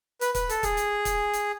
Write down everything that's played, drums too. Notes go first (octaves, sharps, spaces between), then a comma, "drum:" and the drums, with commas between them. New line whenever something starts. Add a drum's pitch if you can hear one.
B4, drum: hi-hat
B4, drum: kick, hi-hat
A4, drum: hi-hat
G#4, drum: kick, hi-hat
drum: hi-hat
drum: kick, hi-hat
drum: hi-hat